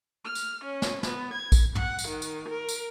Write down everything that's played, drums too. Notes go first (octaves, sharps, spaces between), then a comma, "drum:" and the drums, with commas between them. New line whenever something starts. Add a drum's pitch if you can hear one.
F6
drum: tambourine
C#4
drum: snare
B3, drum: snare
G#6
drum: kick A#1, tambourine
F#5, drum: tom
drum: tambourine
D#3
drum: tambourine
A#4
drum: tambourine